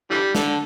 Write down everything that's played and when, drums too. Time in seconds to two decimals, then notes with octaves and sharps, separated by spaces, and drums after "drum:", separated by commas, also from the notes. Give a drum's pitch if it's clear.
0.11 D3 E3 G3
0.35 D3, drum: snare